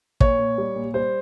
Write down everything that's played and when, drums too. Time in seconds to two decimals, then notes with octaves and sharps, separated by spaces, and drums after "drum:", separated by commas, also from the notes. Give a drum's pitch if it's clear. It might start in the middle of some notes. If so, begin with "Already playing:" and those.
0.20 A#2 C#5, drum: kick
0.38 A#2
0.58 G3
0.75 A#2
0.94 G3 C5